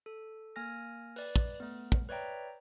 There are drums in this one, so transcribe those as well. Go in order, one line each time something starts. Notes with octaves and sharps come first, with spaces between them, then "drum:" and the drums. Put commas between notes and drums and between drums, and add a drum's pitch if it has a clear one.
A4
A#3 G#5 F6 A#6
B4 D5, drum: open hi-hat
drum: kick
A3 B3
drum: kick
B4 C#5 D5 E5 G5 A#5